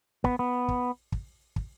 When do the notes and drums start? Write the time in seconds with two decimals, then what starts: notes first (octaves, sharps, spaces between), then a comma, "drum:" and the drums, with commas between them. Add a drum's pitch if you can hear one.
0.24 B3, drum: kick
0.39 B3
0.68 drum: kick
1.12 drum: kick
1.56 drum: kick